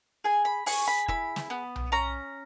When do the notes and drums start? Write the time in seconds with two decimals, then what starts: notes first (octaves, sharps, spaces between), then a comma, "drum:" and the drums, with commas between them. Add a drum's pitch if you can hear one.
0.24 G#4 G#5
0.45 B5
0.66 G#4 C#6, drum: open hi-hat
0.88 B5
1.08 E4 B5, drum: kick
1.36 drum: snare
1.50 B3
1.76 drum: tom B1
1.92 C#4 A#5